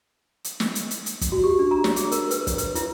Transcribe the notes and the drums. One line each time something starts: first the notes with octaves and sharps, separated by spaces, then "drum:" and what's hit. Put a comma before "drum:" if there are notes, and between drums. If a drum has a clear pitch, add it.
drum: hi-hat
drum: snare
drum: hi-hat
drum: hi-hat
drum: hi-hat
drum: kick, hi-hat
F#4
G4
D4
A#5
C#5, drum: snare
G#4, drum: hi-hat
A#4, drum: hi-hat
B4, drum: hi-hat
C#5, drum: kick, hi-hat
B4, drum: hi-hat
E4, drum: hi-hat